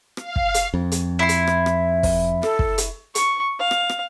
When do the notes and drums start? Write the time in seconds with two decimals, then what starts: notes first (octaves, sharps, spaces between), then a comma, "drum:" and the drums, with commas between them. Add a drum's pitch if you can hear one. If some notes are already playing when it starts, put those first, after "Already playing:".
0.17 F5, drum: rim click
0.36 drum: kick
0.54 drum: hi-hat
0.74 F2
0.92 drum: hi-hat
1.19 E4 C6
1.29 drum: hi-hat
1.47 drum: rim click
1.66 drum: rim click
2.03 drum: kick, open hi-hat
2.43 A4, drum: rim click
2.59 drum: kick
2.78 drum: hi-hat
3.15 C#6, drum: hi-hat
3.60 F5
3.71 drum: rim click
3.89 drum: rim click